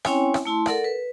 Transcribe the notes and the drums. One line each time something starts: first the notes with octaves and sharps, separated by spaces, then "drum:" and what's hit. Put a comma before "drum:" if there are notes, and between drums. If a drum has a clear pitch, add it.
C4 C#4 E4 C#5 G5 G#5, drum: rim click
drum: rim click
A3 E4 A5 C6
A4 A#4 D5 F#5, drum: rim click
B4